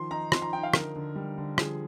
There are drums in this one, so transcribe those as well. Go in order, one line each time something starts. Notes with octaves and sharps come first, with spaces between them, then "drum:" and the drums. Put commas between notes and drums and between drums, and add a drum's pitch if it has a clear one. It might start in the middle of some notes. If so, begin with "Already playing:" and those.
Already playing: D#3 F3 C6
D#4 A#5
F3 C6, drum: rim click
A#5
D#4 G5
F5
D3 A#4, drum: rim click
D3
G3
D3
F3 G#4, drum: rim click